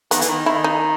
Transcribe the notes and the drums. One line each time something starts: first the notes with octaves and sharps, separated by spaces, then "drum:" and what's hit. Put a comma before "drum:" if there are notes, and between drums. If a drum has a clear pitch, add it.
D#3 B3, drum: hi-hat
E3, drum: hi-hat
D#3
D#3 E4
D#4